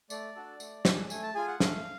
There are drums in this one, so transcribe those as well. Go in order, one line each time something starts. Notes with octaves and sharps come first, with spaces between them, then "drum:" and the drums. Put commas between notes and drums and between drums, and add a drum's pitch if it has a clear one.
A3 D5, drum: tambourine
D4 F#4 A4
A3, drum: tambourine
D4 G#4, drum: snare
A3 G#5, drum: tambourine
A5
F4 G#4 G#5
F#5
A3 F5, drum: snare